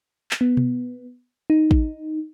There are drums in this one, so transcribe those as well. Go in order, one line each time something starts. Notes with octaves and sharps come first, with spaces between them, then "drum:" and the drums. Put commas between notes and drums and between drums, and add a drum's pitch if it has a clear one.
drum: clap
B3
drum: tom B2
D#4
drum: kick